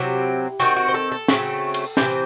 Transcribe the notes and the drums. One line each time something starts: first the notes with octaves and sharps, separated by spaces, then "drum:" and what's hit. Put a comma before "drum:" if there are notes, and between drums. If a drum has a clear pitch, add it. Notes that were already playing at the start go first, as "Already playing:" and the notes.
Already playing: C3 F#3 C4 E4
D#3 F#3 C4 F#4
F#4
C5
A4
A4
C#3 F#3 A3 C4, drum: snare
drum: cymbal
C3 E3 C4 C5, drum: snare